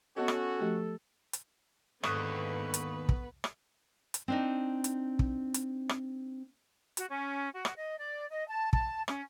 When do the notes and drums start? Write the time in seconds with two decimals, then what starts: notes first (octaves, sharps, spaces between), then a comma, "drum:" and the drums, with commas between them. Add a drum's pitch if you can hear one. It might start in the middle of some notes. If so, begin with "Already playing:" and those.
0.17 B3 C#4 F#4 A4 D#5
0.28 drum: rim click
0.59 F3 A3 G4
1.33 drum: hi-hat
2.03 D#2 G#2 D3 B3 B4 C#6 D#6 F#6, drum: rim click
2.74 drum: hi-hat
3.09 drum: kick
3.44 drum: rim click
4.14 drum: hi-hat
4.28 C4 D4 D#4
4.84 drum: hi-hat
5.19 drum: kick
5.54 drum: hi-hat
5.89 drum: rim click
6.97 F#4, drum: hi-hat
7.10 C#4
7.54 F#4
7.65 drum: rim click
7.76 D#5
7.97 D5
8.31 D#5
8.48 A5
8.73 A5, drum: kick
9.08 C#4, drum: rim click